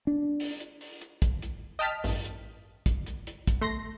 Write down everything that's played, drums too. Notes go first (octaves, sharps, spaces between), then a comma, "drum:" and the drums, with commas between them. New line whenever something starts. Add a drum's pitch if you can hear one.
D4
drum: open hi-hat
drum: hi-hat
drum: open hi-hat
drum: hi-hat
drum: kick, hi-hat
drum: hi-hat
D#5 G5 A5 F6 B6
A1 G2, drum: open hi-hat
drum: hi-hat
drum: kick, hi-hat
drum: hi-hat
drum: hi-hat
drum: kick, hi-hat
A3 C6 A#6